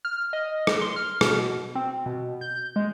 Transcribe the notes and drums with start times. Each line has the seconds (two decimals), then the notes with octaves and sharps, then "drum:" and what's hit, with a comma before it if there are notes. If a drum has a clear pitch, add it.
0.05 F6
0.33 D#5
0.67 drum: rim click
0.81 C6
0.96 F6
1.21 B2, drum: rim click
1.75 C4
2.06 B2
2.41 G6
2.76 G#3